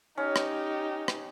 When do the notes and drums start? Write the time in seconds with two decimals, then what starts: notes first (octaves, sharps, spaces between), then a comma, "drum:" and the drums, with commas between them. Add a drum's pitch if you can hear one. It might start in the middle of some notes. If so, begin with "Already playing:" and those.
0.18 C#4 D#4 G4
0.36 drum: rim click
1.08 drum: rim click